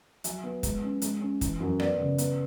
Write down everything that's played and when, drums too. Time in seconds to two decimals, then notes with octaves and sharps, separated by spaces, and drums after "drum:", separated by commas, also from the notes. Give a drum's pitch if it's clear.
0.24 F#3 E5 G#5, drum: hi-hat
0.43 B3
0.63 G#3, drum: kick, hi-hat
0.83 C#4
1.02 G#3, drum: hi-hat
1.21 C#4
1.41 E3, drum: kick, hi-hat
1.60 F#2
1.80 B3 D5, drum: rim click
2.00 C#3
2.18 B3, drum: hi-hat